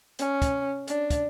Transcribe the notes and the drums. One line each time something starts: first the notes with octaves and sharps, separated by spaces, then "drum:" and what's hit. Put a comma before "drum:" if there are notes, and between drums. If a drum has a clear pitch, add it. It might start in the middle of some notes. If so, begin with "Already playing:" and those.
C#4, drum: hi-hat
drum: kick, hi-hat
D4, drum: hi-hat
drum: kick, hi-hat